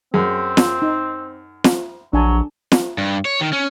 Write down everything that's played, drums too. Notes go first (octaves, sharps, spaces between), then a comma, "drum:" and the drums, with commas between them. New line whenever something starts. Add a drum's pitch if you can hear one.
F#2 C4 G#4
drum: snare
D#4
drum: snare
A#1 F#3 D4 G#5 A5
drum: snare
G2
C#5
D#3
C#4